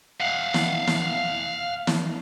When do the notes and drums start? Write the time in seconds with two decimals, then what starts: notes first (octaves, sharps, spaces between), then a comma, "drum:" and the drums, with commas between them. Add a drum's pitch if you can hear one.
0.21 F5 F#5
0.54 drum: snare
0.87 drum: snare
1.87 drum: snare